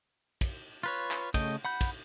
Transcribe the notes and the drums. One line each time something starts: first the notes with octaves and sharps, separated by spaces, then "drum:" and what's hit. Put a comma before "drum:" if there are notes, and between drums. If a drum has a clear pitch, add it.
drum: kick, cymbal
F4 B4 C#5
drum: clap
C#3 A3 D#5 G5, drum: kick, cymbal
F#5 B5 G6
drum: kick, cymbal